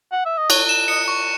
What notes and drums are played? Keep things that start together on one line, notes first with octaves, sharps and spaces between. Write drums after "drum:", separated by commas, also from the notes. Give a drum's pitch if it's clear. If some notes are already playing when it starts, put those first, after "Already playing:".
F#5
E5
D#5
C#5 F#6, drum: cymbal
E7
D#5 C#7
C#6